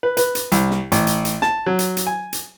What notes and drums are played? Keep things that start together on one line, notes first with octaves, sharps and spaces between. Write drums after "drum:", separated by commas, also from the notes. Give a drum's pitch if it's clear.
B4
B4, drum: hi-hat
drum: hi-hat
C2, drum: hi-hat
drum: snare
A1, drum: hi-hat
drum: hi-hat
drum: hi-hat
A5, drum: snare
F#3
drum: hi-hat
drum: hi-hat
G#5
drum: hi-hat